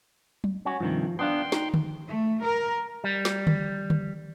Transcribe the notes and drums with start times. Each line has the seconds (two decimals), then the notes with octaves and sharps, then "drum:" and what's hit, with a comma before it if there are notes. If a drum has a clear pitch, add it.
0.44 drum: tom F#3
0.65 C#4 F#4
0.80 G2 C3 D#3 F3
1.19 B3 D4 F5 G5 C6
1.52 D#4, drum: snare
1.74 drum: tom D3
2.08 A3
2.43 A#4
3.04 G3
3.25 drum: snare
3.47 drum: tom D3
3.90 drum: tom D3